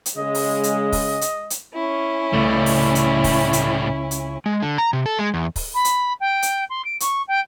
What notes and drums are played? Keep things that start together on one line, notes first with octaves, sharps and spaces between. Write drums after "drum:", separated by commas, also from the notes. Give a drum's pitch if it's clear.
drum: hi-hat
C#3 G#3 D#5
drum: open hi-hat
drum: hi-hat
drum: kick, open hi-hat
drum: hi-hat
drum: hi-hat
C#4 E4
C#2 A2 G3 A3
drum: open hi-hat
drum: hi-hat
drum: kick, open hi-hat
drum: hi-hat
drum: hi-hat
G#3
D3
A#5
C3
A4
G#3
E2
drum: kick, open hi-hat
B5
drum: hi-hat
G5
drum: hi-hat
C6
D7
C#6, drum: hi-hat
G5